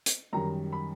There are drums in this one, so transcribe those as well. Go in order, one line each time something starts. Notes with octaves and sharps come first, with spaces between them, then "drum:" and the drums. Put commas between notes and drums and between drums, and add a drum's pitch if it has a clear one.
drum: hi-hat
F#2 D#3 G3 A#5
B5